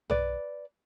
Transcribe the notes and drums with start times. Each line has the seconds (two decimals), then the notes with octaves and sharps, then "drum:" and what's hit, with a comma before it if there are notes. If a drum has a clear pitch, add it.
0.10 B4 D5, drum: tom